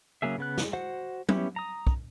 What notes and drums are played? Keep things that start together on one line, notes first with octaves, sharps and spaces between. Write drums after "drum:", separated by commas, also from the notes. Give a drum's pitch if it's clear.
C#3 F#3 A#3 G#4 E5
C#3 B3 F#6
drum: snare
F#4 C5 F#5
B3 C#4 E4 G4, drum: tom F#3
A#5 D#6
drum: kick